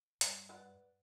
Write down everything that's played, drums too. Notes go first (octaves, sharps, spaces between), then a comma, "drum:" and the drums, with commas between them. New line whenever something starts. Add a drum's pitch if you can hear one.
G2, drum: hi-hat
B4 D5 F#5